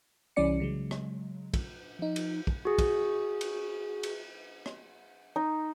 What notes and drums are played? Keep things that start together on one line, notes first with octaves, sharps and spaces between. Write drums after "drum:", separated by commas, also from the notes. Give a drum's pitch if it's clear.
C2 E3 G3 C#4 D5 C#7
C#3 F#3 G#3
drum: rim click
drum: kick, cymbal
F3 D#4
drum: cymbal
drum: kick
F#4 G#4
drum: kick, cymbal
drum: cymbal
drum: cymbal
drum: rim click
D#4